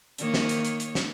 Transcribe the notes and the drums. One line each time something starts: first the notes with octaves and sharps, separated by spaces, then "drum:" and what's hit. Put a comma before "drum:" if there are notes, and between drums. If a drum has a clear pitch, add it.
D#3 A#3 C#5, drum: hi-hat
drum: snare
drum: hi-hat
drum: hi-hat
drum: hi-hat
drum: snare